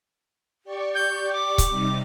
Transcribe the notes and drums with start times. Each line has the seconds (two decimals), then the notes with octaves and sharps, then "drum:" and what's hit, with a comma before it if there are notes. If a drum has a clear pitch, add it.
0.64 G4 D5 C#6
0.95 G6
1.33 D6
1.58 drum: kick C#1, hi-hat
1.69 C3 G3 D#4